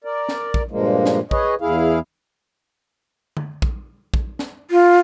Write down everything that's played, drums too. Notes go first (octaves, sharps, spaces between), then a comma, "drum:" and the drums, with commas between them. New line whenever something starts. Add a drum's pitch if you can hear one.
A#4 D5
drum: snare
drum: kick
G2 A#2 F3 G#3 A#3
drum: snare
G#4 B4 C#5 D#5, drum: kick
E2 E4 G#4 F5
drum: tom D3
drum: kick
drum: kick
drum: snare
F4